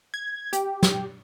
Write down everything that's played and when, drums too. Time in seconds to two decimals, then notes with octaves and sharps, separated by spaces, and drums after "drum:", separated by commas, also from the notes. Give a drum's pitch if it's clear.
0.14 G#6
0.53 G4, drum: hi-hat
0.83 drum: snare